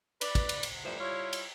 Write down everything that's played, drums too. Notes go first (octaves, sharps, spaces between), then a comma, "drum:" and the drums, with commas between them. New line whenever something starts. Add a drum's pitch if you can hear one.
B4 D5, drum: cymbal
drum: kick, cymbal
drum: cymbal
drum: cymbal
D3 E3 F3 G3 A3 C5
G3 E4 F4 C#5
drum: cymbal